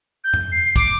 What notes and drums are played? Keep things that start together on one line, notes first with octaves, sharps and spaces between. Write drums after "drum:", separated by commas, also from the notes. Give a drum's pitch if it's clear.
G6
drum: tom E2
C7
D6, drum: kick, hi-hat